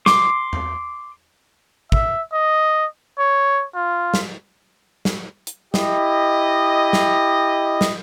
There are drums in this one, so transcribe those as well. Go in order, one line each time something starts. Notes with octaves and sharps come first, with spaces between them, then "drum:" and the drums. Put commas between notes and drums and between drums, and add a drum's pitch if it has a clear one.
C6 D6, drum: snare
drum: tom E2
E5, drum: kick
D#5
C#5
F4
drum: snare
drum: snare
drum: hi-hat
E4 G4 D#5, drum: snare
drum: snare
drum: snare